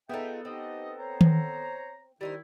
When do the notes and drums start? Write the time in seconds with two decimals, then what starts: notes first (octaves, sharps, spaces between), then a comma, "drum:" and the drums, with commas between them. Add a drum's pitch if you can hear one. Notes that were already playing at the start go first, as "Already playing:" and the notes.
0.09 B3 D#4 F4 G#4 A4 E5 G5
0.45 C4 D#4 G4 D#5
0.99 C5 C#5 A#5
1.21 drum: tom D#3
2.21 D#3 G3 D#4 E4 C5